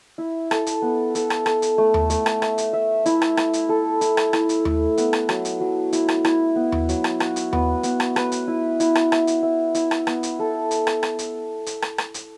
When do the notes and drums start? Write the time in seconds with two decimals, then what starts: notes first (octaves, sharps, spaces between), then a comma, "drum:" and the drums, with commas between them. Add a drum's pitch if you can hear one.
0.18 E4
0.51 A4, drum: rim click
0.67 drum: hi-hat
0.82 B3
1.15 A4, drum: hi-hat
1.30 drum: rim click
1.46 A4, drum: rim click
1.62 drum: hi-hat
1.78 A3
1.94 drum: tom D#2
2.10 A3, drum: hi-hat
2.26 drum: rim click
2.42 E5, drum: rim click
2.58 drum: hi-hat
2.73 E5
3.06 E4, drum: hi-hat
3.22 drum: rim click
3.37 E4, drum: rim click
3.53 drum: hi-hat
3.69 A4
4.01 E4, drum: hi-hat
4.17 drum: rim click
4.33 E4, drum: rim click
4.49 drum: hi-hat
4.65 A3, drum: tom D#2
4.98 B3, drum: hi-hat
5.13 drum: rim click
5.29 F#3, drum: rim click
5.45 drum: hi-hat
5.60 F#3
5.93 E4, drum: hi-hat
6.09 drum: rim click
6.25 E4, drum: rim click
6.56 B3
6.72 drum: tom D#2
6.89 F#3, drum: hi-hat
7.04 drum: rim click
7.20 F#4, drum: rim click
7.36 drum: hi-hat
7.53 B3, drum: tom D#2
7.83 B3, drum: hi-hat
8.00 drum: rim click
8.16 B4, drum: rim click
8.32 drum: hi-hat
8.48 E4
8.80 E4, drum: hi-hat
8.95 drum: rim click
9.12 E5, drum: rim click
9.27 drum: hi-hat
9.43 E5
9.75 E4, drum: hi-hat
9.91 drum: rim click
10.07 B3, drum: rim click
10.23 drum: hi-hat
10.39 A4
10.71 drum: hi-hat
10.87 drum: rim click
11.03 drum: rim click
11.19 drum: hi-hat
11.66 drum: hi-hat
11.82 drum: rim click
11.98 drum: rim click
12.14 drum: hi-hat